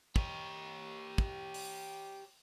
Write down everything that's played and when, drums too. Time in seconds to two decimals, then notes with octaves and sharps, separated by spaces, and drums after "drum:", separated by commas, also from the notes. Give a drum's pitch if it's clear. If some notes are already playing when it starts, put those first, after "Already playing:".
0.16 G4 C#5, drum: kick
1.18 drum: kick
1.54 drum: open hi-hat